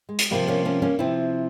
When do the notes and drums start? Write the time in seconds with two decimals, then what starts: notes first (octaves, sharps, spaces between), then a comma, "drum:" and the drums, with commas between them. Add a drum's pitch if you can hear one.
0.09 G#3
0.19 drum: hi-hat
0.31 C3 F3 G3 A#3
0.48 A#3 C#4
0.65 A#3 C#4
0.82 A#3 C#4
0.99 C3 F3 C4 E4